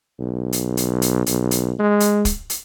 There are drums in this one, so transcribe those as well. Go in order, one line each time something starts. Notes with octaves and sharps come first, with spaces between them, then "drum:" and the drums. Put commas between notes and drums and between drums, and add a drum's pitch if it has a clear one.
B1
drum: hi-hat
drum: hi-hat
drum: hi-hat
B1, drum: hi-hat
drum: hi-hat
G#3
drum: hi-hat
drum: kick, hi-hat
drum: hi-hat